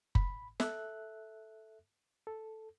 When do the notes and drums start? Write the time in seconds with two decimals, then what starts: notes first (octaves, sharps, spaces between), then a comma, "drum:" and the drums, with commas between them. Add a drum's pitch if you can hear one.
0.15 B5, drum: kick F#1
0.60 A4 E5 F#6, drum: snare
2.27 A4